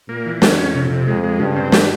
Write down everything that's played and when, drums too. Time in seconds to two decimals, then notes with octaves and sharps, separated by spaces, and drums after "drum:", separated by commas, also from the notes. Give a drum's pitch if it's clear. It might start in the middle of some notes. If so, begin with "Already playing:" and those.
0.09 A#2 A#3
0.26 E3
0.42 F2 C#4, drum: snare
0.58 C#4
0.74 C3
0.90 C3
1.07 F2 G#3
1.24 G#3
1.40 G2 C#3
1.56 C4
1.72 G3, drum: snare